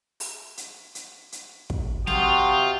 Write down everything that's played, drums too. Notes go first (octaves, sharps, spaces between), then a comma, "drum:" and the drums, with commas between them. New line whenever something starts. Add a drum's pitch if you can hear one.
drum: open hi-hat
drum: hi-hat
drum: hi-hat
drum: hi-hat
drum: kick
C3 F4 F#4 G5 C6 D#6, drum: snare